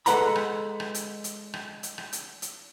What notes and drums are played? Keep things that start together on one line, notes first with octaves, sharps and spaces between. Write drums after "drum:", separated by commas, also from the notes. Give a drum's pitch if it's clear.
G#3 A4 B4 F#5 A#5 B5, drum: hi-hat
drum: rim click
drum: rim click
drum: hi-hat
drum: hi-hat
drum: rim click
drum: hi-hat
drum: rim click
drum: hi-hat
drum: hi-hat